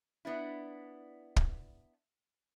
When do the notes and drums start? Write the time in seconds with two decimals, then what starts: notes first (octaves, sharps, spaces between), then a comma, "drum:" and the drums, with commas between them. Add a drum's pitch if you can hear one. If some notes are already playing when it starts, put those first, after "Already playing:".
0.25 B3 D4 E4
1.36 drum: kick